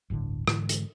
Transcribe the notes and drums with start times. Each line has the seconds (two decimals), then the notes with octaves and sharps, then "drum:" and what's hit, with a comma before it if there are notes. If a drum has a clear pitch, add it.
0.10 D1 G1 A2 D3
0.47 G#2 D3 E3 G#3, drum: rim click
0.69 drum: hi-hat